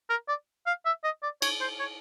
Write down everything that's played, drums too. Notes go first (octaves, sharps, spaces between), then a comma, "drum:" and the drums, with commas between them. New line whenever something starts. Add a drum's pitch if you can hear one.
A#4
D5
F5
E5
D#5
D5
C#5, drum: cymbal
C5
C#5